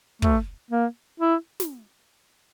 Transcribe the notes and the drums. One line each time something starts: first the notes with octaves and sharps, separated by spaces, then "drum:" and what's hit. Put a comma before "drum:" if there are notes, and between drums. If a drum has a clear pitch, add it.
A3, drum: kick
A#3
E4
drum: snare